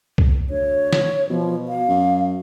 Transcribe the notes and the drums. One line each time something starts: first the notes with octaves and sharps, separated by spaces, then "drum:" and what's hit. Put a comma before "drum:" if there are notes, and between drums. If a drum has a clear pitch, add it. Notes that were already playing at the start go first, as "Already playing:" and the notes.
drum: kick C2
D2 C#5
drum: snare
B2 F3
F5
F#2